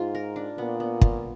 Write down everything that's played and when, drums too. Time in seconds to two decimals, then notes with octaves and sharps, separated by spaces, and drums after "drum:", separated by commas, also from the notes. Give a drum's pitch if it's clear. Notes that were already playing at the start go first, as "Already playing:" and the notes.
Already playing: G#2 F4
0.15 A#4
0.36 D4
0.58 A#2 B3
0.80 B3
1.01 F4, drum: kick